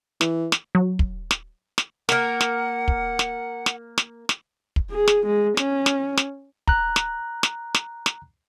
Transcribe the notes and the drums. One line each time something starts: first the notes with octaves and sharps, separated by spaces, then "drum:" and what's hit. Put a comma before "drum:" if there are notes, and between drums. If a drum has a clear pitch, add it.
E3, drum: snare
drum: snare
F#3
drum: kick
drum: snare
drum: snare
A#3 A#4 F#5, drum: snare
drum: snare
drum: kick
drum: snare
drum: snare
drum: snare
drum: snare
drum: kick
G#4
drum: snare
G#3
C#4, drum: snare
drum: snare
drum: snare
A#5 F#6, drum: kick
drum: snare
drum: snare
drum: snare
drum: snare